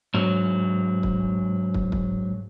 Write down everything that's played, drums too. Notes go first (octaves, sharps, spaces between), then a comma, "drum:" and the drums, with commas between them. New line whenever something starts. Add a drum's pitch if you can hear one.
G#2 F#3
drum: kick
drum: kick
drum: kick